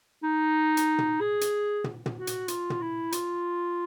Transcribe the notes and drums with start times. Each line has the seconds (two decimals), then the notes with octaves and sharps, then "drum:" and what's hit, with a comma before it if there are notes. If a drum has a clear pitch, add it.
0.23 D#4
0.77 drum: hi-hat
0.98 drum: tom
1.20 G#4
1.41 drum: hi-hat
1.84 drum: tom
2.06 drum: tom
2.17 F#4
2.27 drum: hi-hat
2.48 F4, drum: hi-hat
2.70 drum: tom
2.81 E4
3.12 F4, drum: hi-hat